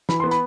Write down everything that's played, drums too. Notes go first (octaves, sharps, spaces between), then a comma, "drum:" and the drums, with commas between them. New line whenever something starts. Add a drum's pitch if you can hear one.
E3 B5, drum: snare
C6
B3
B5, drum: hi-hat